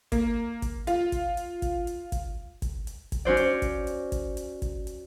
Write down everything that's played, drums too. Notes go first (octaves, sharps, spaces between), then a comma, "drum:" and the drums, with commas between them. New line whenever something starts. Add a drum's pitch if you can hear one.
A#3, drum: kick G1, hi-hat
drum: kick G1, hi-hat
F4, drum: hi-hat
drum: kick G1, hi-hat
drum: hi-hat
drum: kick G1, hi-hat
drum: hi-hat
drum: kick G1, hi-hat
drum: kick G1, hi-hat
drum: hi-hat
drum: kick G1, hi-hat
C#4 F#4 C5 D5
drum: hi-hat
drum: kick G1, hi-hat
drum: hi-hat
drum: kick G1, hi-hat
drum: hi-hat
drum: kick G1, hi-hat
drum: hi-hat